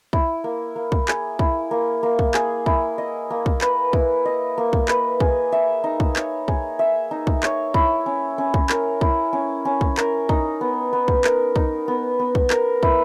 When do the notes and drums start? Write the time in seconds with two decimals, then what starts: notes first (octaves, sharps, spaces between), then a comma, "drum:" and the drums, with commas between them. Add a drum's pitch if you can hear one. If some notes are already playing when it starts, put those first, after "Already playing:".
0.13 E4, drum: kick
0.44 A#3
0.76 A#3
0.92 drum: kick
1.08 G#4, drum: clap
1.39 E4, drum: kick
1.71 A#3
2.03 A#3
2.19 drum: kick
2.34 G#4, drum: clap
2.66 E4, drum: kick
2.98 D#5
3.30 A#3
3.46 drum: kick
3.61 B4, drum: clap
3.93 E4, drum: kick
4.25 D#5
4.58 A#3
4.73 drum: kick
4.88 B4, drum: clap
5.20 G#4, drum: kick
5.52 E5
5.84 D#4
6.00 drum: kick
6.16 C#5, drum: clap
6.48 G#4, drum: kick
6.79 E5
7.11 D#4
7.27 drum: kick
7.43 C#5, drum: clap
7.74 E4, drum: kick
8.06 C#4
8.38 C#4
8.54 drum: kick
8.69 A#4, drum: clap
9.01 E4, drum: kick
9.33 C#4
9.65 C#4
9.81 drum: kick
9.97 A#4, drum: clap
10.29 D#4, drum: kick
10.61 B3
10.93 B3
11.08 drum: kick
11.24 A#4, drum: clap
11.56 D#4, drum: kick
11.88 B3
12.19 B3
12.35 drum: kick
12.50 A#4, drum: clap
12.83 E4, drum: kick